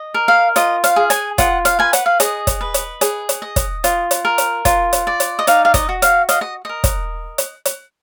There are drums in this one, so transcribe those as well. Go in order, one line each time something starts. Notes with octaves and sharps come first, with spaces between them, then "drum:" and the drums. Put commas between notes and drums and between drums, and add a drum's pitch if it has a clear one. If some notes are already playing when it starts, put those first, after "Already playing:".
Already playing: D#5
A#4
F5
F4 D#5, drum: hi-hat
F5, drum: hi-hat
G#4
G#5, drum: hi-hat
F4 F#5, drum: kick, hi-hat
F5, drum: hi-hat
B4 G#5
F#5, drum: hi-hat
F5
G#4 D#5, drum: hi-hat
drum: kick, hi-hat
B4
drum: hi-hat
G#4, drum: hi-hat
drum: hi-hat
D#5
drum: kick, hi-hat
F4, drum: hi-hat
drum: hi-hat
A#4
drum: hi-hat
F4, drum: kick, hi-hat
drum: hi-hat
D5
drum: hi-hat
D#5
D#4 F5, drum: hi-hat
F5
D#5, drum: kick, hi-hat
F#4
F5, drum: hi-hat
D#5 F5, drum: hi-hat
D#5
A#4 D#5
drum: kick, hi-hat
drum: hi-hat
drum: hi-hat